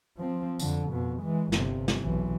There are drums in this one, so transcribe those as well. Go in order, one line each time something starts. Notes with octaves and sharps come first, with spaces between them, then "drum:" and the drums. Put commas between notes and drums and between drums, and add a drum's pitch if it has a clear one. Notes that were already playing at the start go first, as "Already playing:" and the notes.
F3 C4
F2 D3, drum: tambourine
F2 B2
E3 G#3
G1 C3, drum: snare
drum: snare
B1 E3